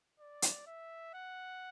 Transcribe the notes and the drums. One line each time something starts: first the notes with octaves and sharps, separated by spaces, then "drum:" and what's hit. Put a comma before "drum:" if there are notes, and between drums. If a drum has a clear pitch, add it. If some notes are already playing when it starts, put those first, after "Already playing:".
D5
drum: hi-hat
E5
F#5